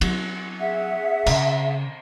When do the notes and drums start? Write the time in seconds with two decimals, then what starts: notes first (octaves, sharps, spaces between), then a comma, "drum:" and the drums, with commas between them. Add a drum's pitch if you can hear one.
0.01 F#3, drum: cymbal
0.59 G#4 E5 F#5
1.26 C#3, drum: cymbal